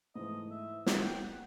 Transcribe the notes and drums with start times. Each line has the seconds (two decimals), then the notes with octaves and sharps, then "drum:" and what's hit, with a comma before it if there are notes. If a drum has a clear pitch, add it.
0.15 G#2 E3 A3 D#5
0.51 E5
0.86 F#5, drum: snare
1.04 G5
1.22 F#5